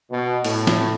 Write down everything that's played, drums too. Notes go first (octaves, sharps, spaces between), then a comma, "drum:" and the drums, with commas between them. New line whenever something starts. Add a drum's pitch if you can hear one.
B2
A2, drum: open hi-hat
drum: snare